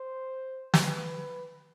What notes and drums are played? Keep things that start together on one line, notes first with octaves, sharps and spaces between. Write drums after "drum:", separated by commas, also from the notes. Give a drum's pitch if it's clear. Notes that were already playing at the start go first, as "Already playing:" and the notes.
Already playing: C5
B4, drum: snare